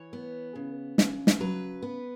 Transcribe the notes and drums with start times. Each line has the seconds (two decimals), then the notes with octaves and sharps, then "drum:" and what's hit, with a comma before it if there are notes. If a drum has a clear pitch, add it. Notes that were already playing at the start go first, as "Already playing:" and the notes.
Already playing: E3 C#5
0.13 B3
0.55 C#3
0.98 C#3, drum: snare
1.27 drum: snare
1.40 F#3 B4
1.82 B3